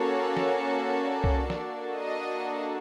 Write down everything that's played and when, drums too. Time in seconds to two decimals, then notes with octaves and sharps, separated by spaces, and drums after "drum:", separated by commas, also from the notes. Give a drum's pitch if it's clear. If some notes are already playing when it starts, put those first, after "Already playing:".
Already playing: A#3 C#4 F#4 A4 C#5
0.37 drum: snare
1.03 D5
1.24 drum: kick C2
1.50 A#3 D4 F#4 A4 D5, drum: snare
1.97 D#5